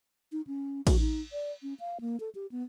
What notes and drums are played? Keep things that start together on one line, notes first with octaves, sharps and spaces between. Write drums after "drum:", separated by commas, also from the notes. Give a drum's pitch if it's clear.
D#4
C#4
F#4, drum: kick A1, cymbal
D#4
D5
C#4
F5
A#3
A4
G4
B3